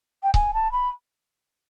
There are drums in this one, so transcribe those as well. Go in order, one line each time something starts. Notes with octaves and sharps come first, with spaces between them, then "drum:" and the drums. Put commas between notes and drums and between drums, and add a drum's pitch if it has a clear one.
G5
G#5, drum: kick C#1
A5
B5